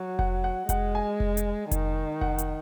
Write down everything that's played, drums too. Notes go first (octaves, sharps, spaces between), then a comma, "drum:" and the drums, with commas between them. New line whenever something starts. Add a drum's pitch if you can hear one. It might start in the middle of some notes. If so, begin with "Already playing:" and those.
Already playing: F#3
F#5, drum: kick F1
F#5
G#3 F#5, drum: kick F1, hi-hat
G#5
drum: kick F1
drum: hi-hat
D#3, drum: kick F1, hi-hat
F#5, drum: kick F1
drum: hi-hat